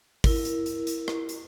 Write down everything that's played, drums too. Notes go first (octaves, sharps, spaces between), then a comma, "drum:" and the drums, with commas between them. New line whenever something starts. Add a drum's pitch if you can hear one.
E4 A#4, drum: kick, open hi-hat
drum: hi-hat
drum: hi-hat
drum: hi-hat
drum: rim click
drum: hi-hat